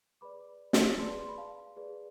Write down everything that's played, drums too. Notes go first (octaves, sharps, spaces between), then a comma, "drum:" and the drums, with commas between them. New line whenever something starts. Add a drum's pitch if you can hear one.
G#4 B4 D5 B5 D6
drum: snare
G#4 B4 D5 A5 C6
C6
B5
F5 A5
G#4 B4 D5